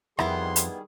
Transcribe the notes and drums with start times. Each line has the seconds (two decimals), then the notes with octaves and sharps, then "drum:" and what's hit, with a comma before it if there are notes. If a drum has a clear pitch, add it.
0.19 F2 D#3 G3 B3 E4 G#4 C6, drum: rim click
0.56 drum: hi-hat